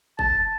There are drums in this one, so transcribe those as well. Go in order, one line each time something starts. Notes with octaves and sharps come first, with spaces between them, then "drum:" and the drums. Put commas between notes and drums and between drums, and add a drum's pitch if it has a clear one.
A5, drum: kick